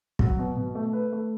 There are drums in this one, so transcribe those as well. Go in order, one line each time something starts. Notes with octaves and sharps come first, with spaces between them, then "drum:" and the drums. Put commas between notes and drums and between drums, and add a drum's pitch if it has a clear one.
F#3, drum: kick
B2
B2
A3
B4
A3